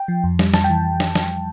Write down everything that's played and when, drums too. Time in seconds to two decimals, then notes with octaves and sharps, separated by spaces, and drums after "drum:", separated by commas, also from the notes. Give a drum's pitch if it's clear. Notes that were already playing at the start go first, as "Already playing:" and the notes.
Already playing: G5
0.08 F3
0.24 F2
0.39 G3, drum: snare
0.54 F2 A5, drum: snare
0.64 G5
0.69 E3
1.00 drum: snare
1.15 drum: snare